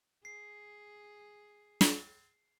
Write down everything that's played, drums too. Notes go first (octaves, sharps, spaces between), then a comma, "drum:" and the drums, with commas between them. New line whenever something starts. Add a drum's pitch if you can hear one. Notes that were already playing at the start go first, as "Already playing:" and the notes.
G#4 C7
drum: snare